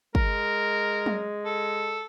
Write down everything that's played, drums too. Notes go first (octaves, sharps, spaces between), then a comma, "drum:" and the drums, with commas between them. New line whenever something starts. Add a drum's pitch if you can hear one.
G#3 A#4, drum: kick
drum: tom F#3
A4